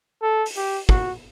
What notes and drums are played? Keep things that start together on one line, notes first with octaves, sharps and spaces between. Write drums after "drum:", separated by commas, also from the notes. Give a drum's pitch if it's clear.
A4
drum: open hi-hat
G4
F#4, drum: kick